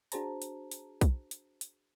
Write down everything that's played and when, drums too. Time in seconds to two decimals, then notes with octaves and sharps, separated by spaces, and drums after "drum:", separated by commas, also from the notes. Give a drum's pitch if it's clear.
0.12 D4 F#4 G#4 C5 A5 A#5, drum: hi-hat
0.42 drum: hi-hat
0.71 drum: hi-hat
1.01 drum: kick B1, hi-hat
1.31 drum: hi-hat
1.61 drum: hi-hat